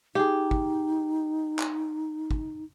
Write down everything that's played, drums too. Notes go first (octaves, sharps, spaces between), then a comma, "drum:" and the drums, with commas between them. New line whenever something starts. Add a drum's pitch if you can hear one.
D#4 G4 G#4
drum: kick
drum: clap
drum: kick